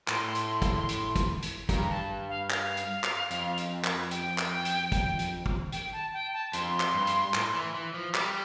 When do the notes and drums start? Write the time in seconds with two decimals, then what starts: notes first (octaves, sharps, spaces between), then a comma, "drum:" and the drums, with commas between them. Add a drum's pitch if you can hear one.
0.08 A2 C6, drum: clap
0.35 drum: hi-hat
0.62 drum: kick, hi-hat
0.89 drum: hi-hat
1.16 drum: kick, hi-hat
1.42 drum: hi-hat
1.69 G2 A#5, drum: kick, hi-hat
1.89 A5
2.29 F5
2.50 F5, drum: clap
2.77 drum: hi-hat
3.04 drum: clap
3.31 F2, drum: hi-hat
3.58 drum: hi-hat
3.84 drum: clap
4.11 G5, drum: hi-hat
4.38 drum: clap
4.65 drum: hi-hat
4.92 drum: kick, hi-hat
5.19 drum: hi-hat
5.46 drum: kick
5.72 G5, drum: hi-hat
5.93 A5
6.13 G5
6.33 A5
6.53 F2 C6, drum: hi-hat
6.80 drum: clap
6.94 G2
7.07 drum: hi-hat
7.34 A2, drum: clap
7.55 E3
7.74 E3
7.94 F3
8.15 G3 D6, drum: clap